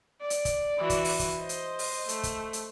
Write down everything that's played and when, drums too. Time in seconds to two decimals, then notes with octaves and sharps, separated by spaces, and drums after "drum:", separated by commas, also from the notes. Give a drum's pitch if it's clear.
0.21 D5
0.30 drum: hi-hat
0.45 drum: kick, hi-hat
0.79 E3 F#4
0.90 drum: kick, hi-hat
1.05 drum: open hi-hat
1.19 drum: kick, hi-hat
1.40 C5 D#5
1.49 drum: hi-hat
1.79 drum: open hi-hat
2.09 A3, drum: hi-hat
2.23 drum: kick, hi-hat
2.53 drum: hi-hat